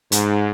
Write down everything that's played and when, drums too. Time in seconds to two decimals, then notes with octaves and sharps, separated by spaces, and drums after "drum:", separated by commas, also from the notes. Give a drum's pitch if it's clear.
0.12 G#2, drum: hi-hat